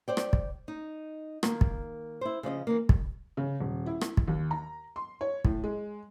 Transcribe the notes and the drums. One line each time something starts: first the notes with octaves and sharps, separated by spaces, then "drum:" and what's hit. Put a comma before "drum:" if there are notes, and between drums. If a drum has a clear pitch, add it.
C5 D5 G5
drum: rim click
drum: kick
D#4
D#3 A#3, drum: rim click
drum: kick
E4 C5
C#3 F3 D5 D#5
E3 A#3
drum: kick
C#3
D#1
E4
drum: rim click
drum: kick
D#2
A#5
C6
C#5
A2, drum: kick
G#3